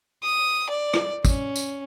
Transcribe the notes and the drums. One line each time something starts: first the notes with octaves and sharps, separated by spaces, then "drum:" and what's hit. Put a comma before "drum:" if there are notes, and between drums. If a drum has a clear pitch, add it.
D#6
D5
drum: rim click
C#4, drum: kick, tambourine
drum: tambourine